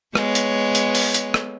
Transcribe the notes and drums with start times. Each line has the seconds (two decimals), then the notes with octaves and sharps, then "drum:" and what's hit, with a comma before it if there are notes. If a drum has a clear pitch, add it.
0.15 G#3 B3 C#5, drum: rim click
0.35 drum: hi-hat
0.75 drum: hi-hat
0.95 drum: open hi-hat
1.14 drum: hi-hat
1.34 drum: rim click